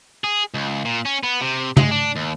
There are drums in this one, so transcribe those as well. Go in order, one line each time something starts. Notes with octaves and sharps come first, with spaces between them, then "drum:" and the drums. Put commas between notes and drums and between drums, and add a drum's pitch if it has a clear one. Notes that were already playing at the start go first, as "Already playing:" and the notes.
G#4
C#2
A#2
C#4
B3
C3
G#3, drum: tom
D4
D#2